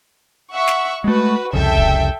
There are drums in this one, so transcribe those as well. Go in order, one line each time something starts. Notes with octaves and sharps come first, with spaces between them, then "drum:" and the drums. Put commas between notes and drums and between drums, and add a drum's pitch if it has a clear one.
E5 F#5 C#6
drum: snare
G#3 A3 F#4 B4
C2 F2 C#3 A4 E5 G5
drum: kick